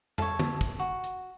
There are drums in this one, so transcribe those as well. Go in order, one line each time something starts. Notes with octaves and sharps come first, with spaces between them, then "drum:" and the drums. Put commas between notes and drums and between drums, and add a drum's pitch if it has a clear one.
A4 C#5, drum: tom
drum: tom D3
drum: kick, hi-hat
F#4
drum: hi-hat